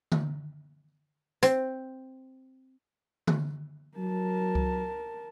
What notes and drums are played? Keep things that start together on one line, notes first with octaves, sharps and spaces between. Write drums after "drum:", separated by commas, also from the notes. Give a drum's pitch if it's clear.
drum: tom D3
C4, drum: hi-hat
drum: tom D3
F#3 A#4 A5
drum: kick C#2